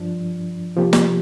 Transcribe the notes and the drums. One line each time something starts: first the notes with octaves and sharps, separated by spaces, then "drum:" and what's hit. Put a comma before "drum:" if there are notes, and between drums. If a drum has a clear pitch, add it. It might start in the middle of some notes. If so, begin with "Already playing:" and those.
Already playing: G2 F3 D4
C3 F3 A#3 G4
drum: snare